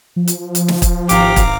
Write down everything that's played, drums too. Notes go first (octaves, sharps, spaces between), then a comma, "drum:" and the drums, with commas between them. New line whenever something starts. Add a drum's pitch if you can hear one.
F3
drum: hi-hat
drum: hi-hat
drum: snare
drum: kick, hi-hat
G#1 G4 F5 A#5 D6, drum: hi-hat
drum: kick, hi-hat